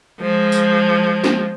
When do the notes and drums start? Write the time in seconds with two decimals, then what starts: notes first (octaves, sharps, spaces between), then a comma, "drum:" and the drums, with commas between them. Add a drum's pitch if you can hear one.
0.20 F3 G#3
0.52 drum: tambourine
1.24 drum: snare